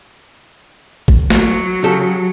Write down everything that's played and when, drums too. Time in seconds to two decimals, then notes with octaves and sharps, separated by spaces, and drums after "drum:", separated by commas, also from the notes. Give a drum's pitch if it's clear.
1.08 drum: kick G#1
1.30 F#3, drum: snare
1.84 C#3 G4 A4